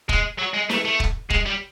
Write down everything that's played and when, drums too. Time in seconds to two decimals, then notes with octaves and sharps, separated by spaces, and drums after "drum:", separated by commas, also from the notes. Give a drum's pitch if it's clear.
0.09 G#3, drum: kick E1
0.39 F#3
0.54 G#3
0.70 A3, drum: snare
0.85 A3
1.00 drum: kick E1
1.30 G#3, drum: kick E1
1.46 G3